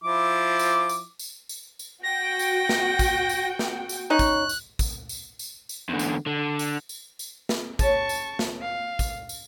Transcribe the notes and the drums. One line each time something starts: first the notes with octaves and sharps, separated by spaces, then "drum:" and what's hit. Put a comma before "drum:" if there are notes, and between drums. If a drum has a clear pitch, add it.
F3 E4 D6
drum: tambourine
drum: tambourine
drum: tambourine
drum: tambourine
drum: tambourine
F#4 G5 A#6
drum: tambourine
drum: snare
drum: kick, tambourine
drum: tambourine
drum: snare
drum: tambourine
C#4 D#4 C#5 F#6
drum: kick, tambourine
drum: tambourine
drum: kick, tambourine
drum: tambourine
drum: tambourine
drum: tambourine
E2 D3
drum: tambourine
D3
drum: tambourine
drum: tambourine
drum: tambourine
drum: snare
C#4 G#4 C#5 A5 C#6, drum: kick, tambourine
drum: tambourine
drum: snare
F5
drum: kick, tambourine
drum: tambourine